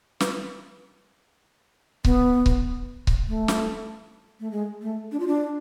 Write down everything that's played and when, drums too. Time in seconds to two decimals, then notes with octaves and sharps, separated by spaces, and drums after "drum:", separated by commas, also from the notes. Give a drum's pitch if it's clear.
0.20 B4, drum: snare
2.05 B3, drum: kick C#1
2.46 drum: kick C#1
3.07 drum: kick C#1
3.28 A3
3.48 drum: snare
4.40 A3
4.51 G#3
4.82 A3
5.12 D4
5.20 F4
5.28 D4